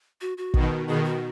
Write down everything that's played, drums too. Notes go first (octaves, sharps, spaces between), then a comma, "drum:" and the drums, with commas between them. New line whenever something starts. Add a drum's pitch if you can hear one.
F#4
F#4
B2 D#3, drum: kick
B2 D#3 G#4
F#4